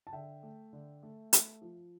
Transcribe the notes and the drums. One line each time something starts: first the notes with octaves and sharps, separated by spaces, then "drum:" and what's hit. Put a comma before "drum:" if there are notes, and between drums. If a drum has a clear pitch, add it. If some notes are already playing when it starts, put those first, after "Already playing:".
A5
D3 E5 G5
A3
D3
A3
A3, drum: hi-hat
F3